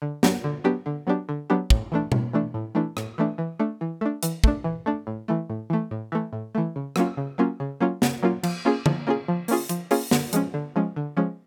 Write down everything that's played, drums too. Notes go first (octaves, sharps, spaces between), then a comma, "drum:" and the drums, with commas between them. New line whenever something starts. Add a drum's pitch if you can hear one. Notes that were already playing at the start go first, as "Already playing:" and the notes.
D3
F#3 B3 D4 G4, drum: snare
D3
F#3 B3 D4 G4
D3
F#3 B3 D4 G4
D3
F#3 B3 D4 G4
A2, drum: kick
E3 A3 D4
A2, drum: tom B2
E3 A3 D4
A2
E3 A3 D4
A2, drum: rim click
E3 A3 D4
E3
A3 D4
E3
A3 D4
E3, drum: hi-hat
A3 D4, drum: kick
E3
A3 D4
A2
E3 A3
A2
E3 A3
A2
E3 A3
A2
E3 A3
C#3
F#3 A#3 C#4 F4, drum: rim click
C#3
F#3 A#3 C#4 F4
C#3
F#3 A#3 C#4 F4
C#3, drum: snare
F#3 A#3 C#4 F4
F3, drum: cymbal
A#3 C#4 F4 G#4
F3, drum: tom D3
A#3 C#4 F4 G#4
F3
A#3 C#4 F4 G#4, drum: open hi-hat
F3, drum: hi-hat
A#3 C#4 F4 G#4, drum: open hi-hat
D3, drum: snare
F3 G#3 C#4, drum: hi-hat
D3
F3 G#3 C#4
D3
F3 G#3 C#4